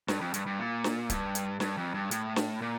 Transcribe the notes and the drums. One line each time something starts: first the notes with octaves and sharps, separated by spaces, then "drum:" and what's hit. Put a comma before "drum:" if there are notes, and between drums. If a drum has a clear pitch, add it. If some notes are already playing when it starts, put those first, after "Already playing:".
G2, drum: snare
F2
G2, drum: hi-hat
G2
A#2
drum: snare
G2, drum: kick C#1, hi-hat
drum: hi-hat
G2, drum: snare
F2
G2
A2, drum: hi-hat
drum: snare
A#2